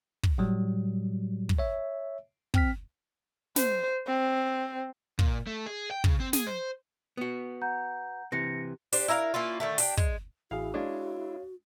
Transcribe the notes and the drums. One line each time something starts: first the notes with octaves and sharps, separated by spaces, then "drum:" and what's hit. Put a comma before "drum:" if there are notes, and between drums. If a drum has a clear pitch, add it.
drum: kick
A2 F#3 G3
drum: kick
C#5 E5
C4 G5 F6 B6, drum: kick
C5, drum: snare
C4
A#2, drum: kick
A3
G#4
G5
C#3, drum: kick
C4
G#4, drum: snare
C5
B3 F#4
F#5 A#5 G6
C3 E3 A#6 C#7
D4 G4 C5, drum: open hi-hat
E4 A#4 E5 F5
A#3 C#4 E4 F4
D3 D#3 A3
D4 G4, drum: open hi-hat
G#3, drum: kick
A1 E4 F#4 G#4 F5
G#3 D4 C#5 F5